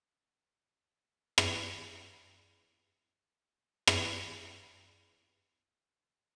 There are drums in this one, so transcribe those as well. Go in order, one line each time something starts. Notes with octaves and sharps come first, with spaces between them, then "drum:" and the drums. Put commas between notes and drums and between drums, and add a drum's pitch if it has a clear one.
E4
C#5 D5 E5 A5 D6 D#6
drum: rim click
F1 E4 G4 B4 F#5 D6
drum: rim click
E5
D#2 A#3 C#4
G#5
C5